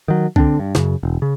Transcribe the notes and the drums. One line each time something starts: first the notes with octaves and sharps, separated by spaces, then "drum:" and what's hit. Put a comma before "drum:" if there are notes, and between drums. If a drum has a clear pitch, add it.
D#3 F#3
D3 C4 D4, drum: kick C2
G2
F#2 C#3, drum: snare
E1
C#3